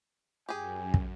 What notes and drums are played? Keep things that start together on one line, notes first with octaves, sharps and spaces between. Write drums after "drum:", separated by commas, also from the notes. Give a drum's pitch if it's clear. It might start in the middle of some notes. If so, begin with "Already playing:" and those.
F#2 G4 G#4 G#5
drum: kick